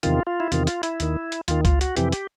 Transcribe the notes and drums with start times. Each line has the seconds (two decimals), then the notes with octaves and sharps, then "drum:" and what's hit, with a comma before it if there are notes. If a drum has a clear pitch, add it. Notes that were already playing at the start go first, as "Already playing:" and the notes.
0.03 E2 C3 D#3 F4, drum: hi-hat
0.27 F4
0.40 E4
0.52 E2 C3 D#3 F4, drum: hi-hat
0.67 F4, drum: hi-hat
0.83 E4, drum: hi-hat
1.00 D#2 D#3, drum: hi-hat
1.32 drum: hi-hat
1.48 D#2 D#3 F4, drum: hi-hat
1.65 F4, drum: kick C#2, hi-hat
1.81 F#4, drum: hi-hat
1.96 F2 C3 E3 G4, drum: hi-hat
2.12 G4, drum: hi-hat